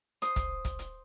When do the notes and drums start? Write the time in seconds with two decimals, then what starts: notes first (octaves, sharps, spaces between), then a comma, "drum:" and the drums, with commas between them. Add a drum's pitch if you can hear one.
0.22 C5 D#6, drum: hi-hat
0.36 drum: kick, hi-hat
0.65 drum: kick, hi-hat
0.79 drum: hi-hat